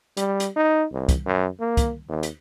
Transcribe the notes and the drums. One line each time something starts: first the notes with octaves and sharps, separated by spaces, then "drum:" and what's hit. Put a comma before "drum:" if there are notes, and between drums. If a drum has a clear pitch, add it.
G3, drum: hi-hat
drum: hi-hat
D#4
C2
drum: kick, hi-hat
F#2
A#3
drum: kick, hi-hat
D#2
drum: hi-hat